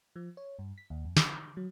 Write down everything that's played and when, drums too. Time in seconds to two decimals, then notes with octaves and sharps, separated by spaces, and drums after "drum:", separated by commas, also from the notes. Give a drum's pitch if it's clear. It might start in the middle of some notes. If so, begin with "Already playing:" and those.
0.16 F3
0.37 C#5
0.59 G2
0.78 B6
0.90 D#2
1.05 F2
1.17 G5, drum: snare
1.32 G6
1.57 F#3